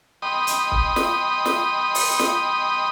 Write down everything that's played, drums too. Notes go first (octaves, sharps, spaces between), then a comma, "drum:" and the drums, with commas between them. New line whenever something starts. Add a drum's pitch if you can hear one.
D#5 G5 B5 C6 D#6
drum: hi-hat
drum: kick C#1
drum: snare
drum: snare
drum: open hi-hat
drum: snare